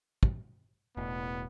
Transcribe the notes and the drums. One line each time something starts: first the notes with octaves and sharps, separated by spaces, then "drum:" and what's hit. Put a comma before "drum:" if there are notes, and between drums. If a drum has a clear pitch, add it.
drum: kick
E1 A2 B3